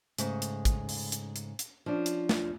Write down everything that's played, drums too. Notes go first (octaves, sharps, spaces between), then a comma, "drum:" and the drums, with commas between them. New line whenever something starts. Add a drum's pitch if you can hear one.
G#2 C#3 A3, drum: hi-hat
drum: hi-hat
drum: kick, hi-hat
drum: open hi-hat
drum: hi-hat
drum: hi-hat
drum: hi-hat
F3 C#4 D4
drum: hi-hat
drum: snare